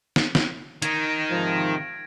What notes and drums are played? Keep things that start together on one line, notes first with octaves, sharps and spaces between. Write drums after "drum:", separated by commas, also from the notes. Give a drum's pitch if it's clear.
drum: snare
drum: snare
D#3 G#6 A#6 D7, drum: hi-hat
G#2 C3 F3